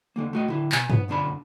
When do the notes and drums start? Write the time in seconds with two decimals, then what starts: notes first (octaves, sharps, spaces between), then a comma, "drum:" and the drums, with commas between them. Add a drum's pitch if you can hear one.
0.16 D3 D#3 A#3
0.33 A3 F#4 D#5
0.48 D3 E4
0.72 B2 G#5, drum: clap
0.90 B3, drum: tom G2
1.08 B1 F#2 D3 D4 A5 B5